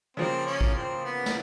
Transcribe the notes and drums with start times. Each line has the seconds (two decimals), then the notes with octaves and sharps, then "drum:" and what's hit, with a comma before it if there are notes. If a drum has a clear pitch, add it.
0.17 C#3 F3 A#3 C4
0.46 C#4
0.61 drum: kick
0.75 C4
1.05 B3
1.26 drum: snare